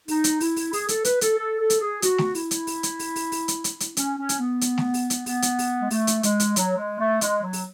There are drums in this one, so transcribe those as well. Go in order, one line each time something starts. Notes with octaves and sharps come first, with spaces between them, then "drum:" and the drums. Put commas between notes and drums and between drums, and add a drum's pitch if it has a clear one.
D#4, drum: open hi-hat
drum: hi-hat
E4, drum: open hi-hat
drum: open hi-hat
G#4, drum: open hi-hat
A4, drum: hi-hat
B4, drum: hi-hat
A4, drum: hi-hat
A4
A4
drum: hi-hat
G#4
F#4, drum: hi-hat
drum: snare A3
E4, drum: open hi-hat
drum: hi-hat
drum: open hi-hat
drum: hi-hat
drum: open hi-hat
drum: open hi-hat
drum: open hi-hat
drum: hi-hat
drum: hi-hat
drum: hi-hat
C#4, drum: hi-hat
C#4
drum: hi-hat
B3
drum: hi-hat
drum: snare A3
drum: open hi-hat
drum: hi-hat
B3, drum: open hi-hat
drum: hi-hat
drum: open hi-hat
G#3
A3, drum: open hi-hat
drum: hi-hat
G#3, drum: hi-hat
drum: hi-hat
F#3, drum: hi-hat
G#3
A3
G#3, drum: hi-hat
F#3
drum: open hi-hat